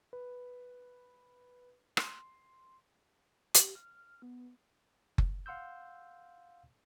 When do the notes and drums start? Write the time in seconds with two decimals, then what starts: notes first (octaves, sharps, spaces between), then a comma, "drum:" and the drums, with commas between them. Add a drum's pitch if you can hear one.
0.13 B4
1.97 C6, drum: rim click
3.54 G4, drum: hi-hat
3.75 F6
4.22 B3
5.18 drum: kick F#1
5.46 F5 F#5 C6 E6 G6